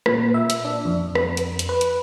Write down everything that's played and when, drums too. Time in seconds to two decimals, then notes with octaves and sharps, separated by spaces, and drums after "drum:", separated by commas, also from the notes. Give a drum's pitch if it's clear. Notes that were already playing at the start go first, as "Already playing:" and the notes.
0.06 A#2, drum: rim click
0.34 E5
0.50 drum: hi-hat
0.65 D4
0.85 F2
1.15 drum: rim click
1.37 drum: hi-hat
1.59 drum: hi-hat
1.69 B4
1.81 drum: hi-hat